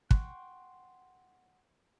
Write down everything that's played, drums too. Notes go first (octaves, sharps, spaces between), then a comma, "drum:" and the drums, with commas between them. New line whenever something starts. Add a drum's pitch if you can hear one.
F#5 G5 C6 C#6 F#6, drum: kick